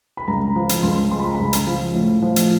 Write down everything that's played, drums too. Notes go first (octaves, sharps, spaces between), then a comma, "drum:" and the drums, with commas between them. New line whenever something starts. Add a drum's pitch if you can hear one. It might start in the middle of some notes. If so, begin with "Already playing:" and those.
B5
C#2 A#5
F3 B5
drum: hi-hat
C#2 C6
G#3 C6
B5
A#5
C#2 B5
drum: hi-hat
F3
A2
F3
drum: hi-hat